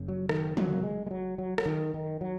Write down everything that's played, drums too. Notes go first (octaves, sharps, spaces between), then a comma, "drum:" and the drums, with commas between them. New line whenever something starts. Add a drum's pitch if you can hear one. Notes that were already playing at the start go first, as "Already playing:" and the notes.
Already playing: F#1 F#2 C#3
F#3
D#3, drum: rim click
F#3, drum: tom
A#3
G#3
G#3
F#3
F#3
F#3, drum: rim click
D#3
D#3
F#3